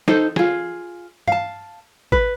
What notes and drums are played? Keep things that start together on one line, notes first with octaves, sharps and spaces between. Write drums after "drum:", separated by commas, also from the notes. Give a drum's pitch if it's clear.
D#4 A4 C5, drum: snare
F4 G#4, drum: snare
F5 A5, drum: tom G2
B4, drum: kick G#1